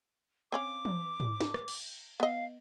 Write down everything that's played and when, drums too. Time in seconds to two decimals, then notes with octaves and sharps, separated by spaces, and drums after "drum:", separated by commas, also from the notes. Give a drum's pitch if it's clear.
0.52 C4 C#4 F5 D6
0.85 drum: tom E3
1.20 drum: tom G#2
1.40 drum: snare
1.54 drum: rim click
1.68 drum: cymbal
2.20 B3 D#5 F5